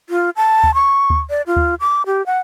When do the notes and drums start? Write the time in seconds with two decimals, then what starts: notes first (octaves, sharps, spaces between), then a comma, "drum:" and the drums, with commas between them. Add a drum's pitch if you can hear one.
0.10 F4
0.36 A5
0.64 drum: kick D2
0.74 C#6
1.10 drum: kick D2
1.30 D5
1.47 F4
1.56 drum: kick D2
1.80 D6
2.06 G4
2.26 F#5